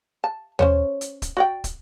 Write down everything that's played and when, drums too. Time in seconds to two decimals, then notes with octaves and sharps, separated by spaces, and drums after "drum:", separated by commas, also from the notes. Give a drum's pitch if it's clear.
0.24 A5
0.59 C#4 C5 C#5, drum: tom
1.01 drum: hi-hat
1.22 drum: kick, hi-hat
1.37 F#4 D5 G5
1.64 drum: kick, hi-hat